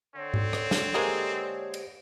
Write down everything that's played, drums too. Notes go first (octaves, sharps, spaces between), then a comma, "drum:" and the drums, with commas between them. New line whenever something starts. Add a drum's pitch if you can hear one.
D3 C4 C#5
drum: tom G#2
drum: rim click
drum: snare
G#3 A#3 G4 G#4 C5
drum: cymbal